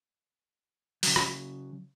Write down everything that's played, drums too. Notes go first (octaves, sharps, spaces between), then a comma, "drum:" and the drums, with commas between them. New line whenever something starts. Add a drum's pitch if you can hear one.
C#3 F#3, drum: open hi-hat
drum: rim click